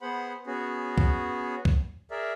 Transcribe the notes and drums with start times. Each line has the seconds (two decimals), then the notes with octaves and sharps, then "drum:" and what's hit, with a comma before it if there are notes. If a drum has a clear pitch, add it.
0.01 B3 G#4 C5 F#5 B5
0.47 B3 C#4 F#4 G#4
0.98 drum: kick C#2
1.65 drum: kick C#2
2.11 G#4 A#4 D5 E5